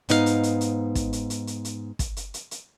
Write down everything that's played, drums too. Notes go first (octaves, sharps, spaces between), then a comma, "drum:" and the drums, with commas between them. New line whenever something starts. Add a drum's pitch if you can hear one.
G#2 B3 D#4 G4 F5, drum: hi-hat
drum: hi-hat
drum: hi-hat
drum: hi-hat
drum: kick, hi-hat
drum: hi-hat
drum: hi-hat
drum: hi-hat
drum: hi-hat
drum: kick, hi-hat
drum: hi-hat
drum: hi-hat
drum: hi-hat